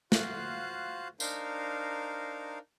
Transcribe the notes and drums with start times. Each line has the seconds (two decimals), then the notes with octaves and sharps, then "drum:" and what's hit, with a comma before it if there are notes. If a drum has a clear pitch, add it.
0.12 F4 F#4 C5 F5 F#6, drum: snare
1.20 D4 D#4 A#4 C5 F5, drum: tambourine